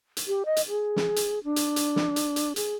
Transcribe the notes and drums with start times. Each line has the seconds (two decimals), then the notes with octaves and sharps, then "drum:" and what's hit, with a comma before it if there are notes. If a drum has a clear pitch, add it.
0.17 drum: hi-hat
0.27 G4
0.45 D#5
0.57 drum: hi-hat
0.69 G#4
0.96 drum: snare
1.16 drum: hi-hat
1.44 D4
1.56 drum: hi-hat
1.76 drum: hi-hat
1.96 drum: snare
2.16 drum: hi-hat
2.36 drum: hi-hat
2.56 G#4, drum: hi-hat